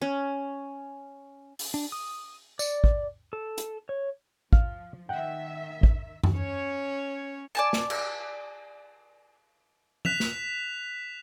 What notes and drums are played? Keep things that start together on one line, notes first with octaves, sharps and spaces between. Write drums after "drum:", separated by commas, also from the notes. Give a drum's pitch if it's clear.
C#4
drum: open hi-hat
D4
D#6
D5, drum: tambourine
drum: kick
A4
drum: hi-hat
C#5
F3 F5, drum: kick
D#3 E5 F#5 G5
drum: kick
drum: tom F#2
C#4 C#5
D5 G#5 A5
drum: snare
drum: cymbal
F#6 B6 E7 F7, drum: tom F3
drum: snare